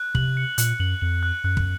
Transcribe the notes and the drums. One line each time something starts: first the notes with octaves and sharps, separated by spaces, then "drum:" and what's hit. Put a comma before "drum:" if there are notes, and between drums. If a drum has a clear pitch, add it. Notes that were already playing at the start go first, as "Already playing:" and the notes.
Already playing: F#6
C3 F#7, drum: kick
C#7
A#2 F#6, drum: hi-hat
F#2 F#7
F2 F#7
F#6
F#2 F#6
drum: kick